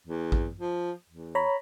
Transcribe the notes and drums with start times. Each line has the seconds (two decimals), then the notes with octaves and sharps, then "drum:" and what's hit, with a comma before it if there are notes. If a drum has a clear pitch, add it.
0.07 E2
0.32 drum: kick A1
0.60 F3
1.09 E2
1.35 C#5 A#5 B5